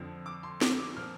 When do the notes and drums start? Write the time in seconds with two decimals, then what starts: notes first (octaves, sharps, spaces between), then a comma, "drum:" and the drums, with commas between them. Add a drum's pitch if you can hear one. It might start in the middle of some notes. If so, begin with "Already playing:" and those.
Already playing: F2 D3 F3
0.26 D6
0.43 C6
0.62 D6, drum: snare
0.79 D6
0.97 A#2 F3 F6